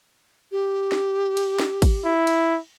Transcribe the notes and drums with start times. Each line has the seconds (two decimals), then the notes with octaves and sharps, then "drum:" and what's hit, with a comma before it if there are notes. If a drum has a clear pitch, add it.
0.52 G4
0.92 drum: snare
1.37 drum: cymbal
1.59 drum: snare
1.82 drum: kick, cymbal
2.05 E4
2.27 drum: cymbal